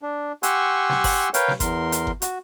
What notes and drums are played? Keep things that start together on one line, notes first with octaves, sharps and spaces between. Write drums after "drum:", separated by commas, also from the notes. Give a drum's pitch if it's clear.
D4
G4 F#5 G#5 C6 C#6 E6, drum: hi-hat
drum: snare
drum: kick G1, open hi-hat
A#4 B4 C#5 F5 G5, drum: hi-hat
drum: snare
E2 A#4 C6, drum: kick G1, hi-hat
drum: hi-hat
drum: kick G1
F#4, drum: hi-hat